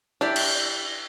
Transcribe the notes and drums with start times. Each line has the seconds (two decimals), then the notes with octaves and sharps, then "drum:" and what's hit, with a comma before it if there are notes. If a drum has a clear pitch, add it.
0.21 D4 E4 G4 D5
0.36 drum: cymbal